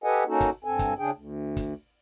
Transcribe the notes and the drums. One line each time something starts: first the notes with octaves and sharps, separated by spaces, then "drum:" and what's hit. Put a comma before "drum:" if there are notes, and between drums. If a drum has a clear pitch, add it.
G4 A4 B4 D#5 F#5 G#5
A#3 C#4 D#4 F#4 A4
drum: kick, hi-hat
G2 C4 A4 G#5
drum: kick, hi-hat
C#3 D4 G#4 G5
D2
drum: kick, hi-hat